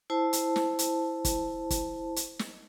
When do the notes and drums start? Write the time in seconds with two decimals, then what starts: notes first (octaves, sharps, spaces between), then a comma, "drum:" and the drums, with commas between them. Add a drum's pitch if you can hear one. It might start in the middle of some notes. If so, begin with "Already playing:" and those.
0.10 E4 C5 A5
0.33 drum: hi-hat
0.56 drum: snare
0.79 drum: hi-hat
1.25 drum: kick, hi-hat
1.70 drum: kick, hi-hat
2.16 drum: hi-hat
2.39 drum: snare